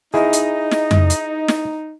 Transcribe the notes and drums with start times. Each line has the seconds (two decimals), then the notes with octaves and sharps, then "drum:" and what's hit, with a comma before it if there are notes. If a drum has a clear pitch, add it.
0.14 D#4 E4 G#4 D#5
0.33 drum: hi-hat
0.71 drum: snare
0.91 drum: tom F2
1.10 drum: hi-hat
1.48 drum: snare